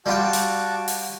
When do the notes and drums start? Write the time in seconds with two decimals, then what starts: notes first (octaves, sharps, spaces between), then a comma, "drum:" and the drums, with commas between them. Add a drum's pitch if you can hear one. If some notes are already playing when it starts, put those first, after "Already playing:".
0.06 G3 F4 F#4 G5 A5 D6
0.33 drum: hi-hat
0.88 drum: open hi-hat